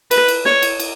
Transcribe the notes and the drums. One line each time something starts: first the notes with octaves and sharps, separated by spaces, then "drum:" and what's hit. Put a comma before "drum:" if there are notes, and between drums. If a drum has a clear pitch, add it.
B4, drum: cymbal
drum: cymbal
C#5, drum: snare
drum: cymbal
drum: cymbal